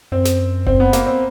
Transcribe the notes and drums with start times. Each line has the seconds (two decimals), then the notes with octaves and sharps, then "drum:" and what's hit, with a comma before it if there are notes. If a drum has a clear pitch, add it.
0.12 F#2 C4
0.25 drum: snare
0.67 C4, drum: kick F#1
0.80 B3
0.93 A#3, drum: snare
1.06 C4